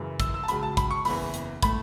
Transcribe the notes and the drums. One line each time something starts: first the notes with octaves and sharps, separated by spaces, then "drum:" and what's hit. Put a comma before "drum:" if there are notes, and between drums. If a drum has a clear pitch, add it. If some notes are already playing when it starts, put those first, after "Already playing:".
Already playing: F#2 C#3 E3
E6, drum: kick, hi-hat
E6
A5
C#2 C#3 F#3 B5, drum: hi-hat
A5
B5, drum: kick, hi-hat
C#6
F#1 E2 E3 B5, drum: open hi-hat
drum: hi-hat
A2 A3 B5, drum: kick, hi-hat